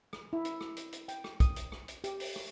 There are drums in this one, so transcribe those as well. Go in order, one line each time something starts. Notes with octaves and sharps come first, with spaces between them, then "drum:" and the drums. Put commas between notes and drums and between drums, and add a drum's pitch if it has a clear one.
drum: rim click
E4
drum: hi-hat
drum: rim click
drum: hi-hat
drum: hi-hat
G5, drum: hi-hat
drum: rim click
D#6, drum: kick, hi-hat
drum: hi-hat
drum: rim click
drum: hi-hat
G4, drum: hi-hat
drum: open hi-hat
drum: rim click